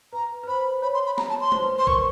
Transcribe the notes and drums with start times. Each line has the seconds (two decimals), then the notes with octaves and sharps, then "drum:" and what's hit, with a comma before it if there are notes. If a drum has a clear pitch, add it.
0.13 B4 A#5
0.43 B4
0.47 C5 B5
0.82 C#5 B5
0.94 C6
1.06 B5
1.18 A#5, drum: snare
1.30 A5
1.41 C6
1.52 C5, drum: tom
1.64 B4
1.76 B4 C6
1.87 A#4 C#6, drum: kick A#1